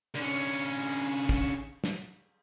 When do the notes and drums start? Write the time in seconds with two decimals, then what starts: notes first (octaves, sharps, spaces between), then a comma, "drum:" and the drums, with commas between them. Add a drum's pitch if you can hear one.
0.15 D3 C#4, drum: cymbal
0.66 drum: tambourine
1.29 drum: kick
1.84 drum: snare